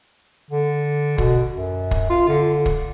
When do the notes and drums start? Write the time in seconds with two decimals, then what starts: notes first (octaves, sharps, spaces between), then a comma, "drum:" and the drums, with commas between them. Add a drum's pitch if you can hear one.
0.50 D3
1.18 B2, drum: kick
1.51 F#2
1.91 drum: kick
2.10 F4
2.28 D3
2.66 drum: kick